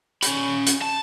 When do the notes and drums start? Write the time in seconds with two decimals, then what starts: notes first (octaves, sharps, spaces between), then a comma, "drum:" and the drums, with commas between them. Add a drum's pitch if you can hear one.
0.22 C#4 B5, drum: hi-hat
0.67 drum: hi-hat
0.82 A5